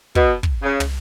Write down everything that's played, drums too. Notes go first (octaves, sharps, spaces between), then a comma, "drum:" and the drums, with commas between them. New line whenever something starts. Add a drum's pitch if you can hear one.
B2, drum: kick
drum: kick
C#3
drum: tom